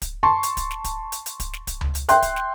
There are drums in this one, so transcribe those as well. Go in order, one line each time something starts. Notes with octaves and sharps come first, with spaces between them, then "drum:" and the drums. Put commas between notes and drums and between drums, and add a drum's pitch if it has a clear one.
drum: kick, hi-hat
A5 C6 C#6
drum: hi-hat
drum: kick, hi-hat
drum: snare
drum: kick, hi-hat
drum: hi-hat
drum: hi-hat
drum: kick, hi-hat
drum: snare
drum: kick, hi-hat
drum: tom C#2
drum: hi-hat
E5 G5 C6 F#6, drum: hi-hat
drum: kick, hi-hat
drum: snare